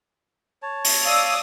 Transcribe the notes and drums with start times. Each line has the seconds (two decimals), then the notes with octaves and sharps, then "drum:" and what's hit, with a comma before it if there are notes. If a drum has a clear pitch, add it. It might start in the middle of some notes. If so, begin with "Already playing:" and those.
0.62 C#5 A5
0.85 drum: open hi-hat
1.05 D5 F5 D#6 E6